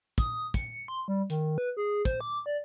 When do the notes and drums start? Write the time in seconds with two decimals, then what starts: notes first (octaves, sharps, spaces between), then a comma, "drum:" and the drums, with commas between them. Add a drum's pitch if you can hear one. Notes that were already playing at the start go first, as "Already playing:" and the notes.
0.18 D#6, drum: kick, hi-hat
0.54 C#7, drum: kick, hi-hat
0.88 C6
1.08 G3
1.30 D#3, drum: hi-hat
1.58 B4
1.77 G#4
2.05 C5, drum: kick, hi-hat
2.21 D6
2.46 D5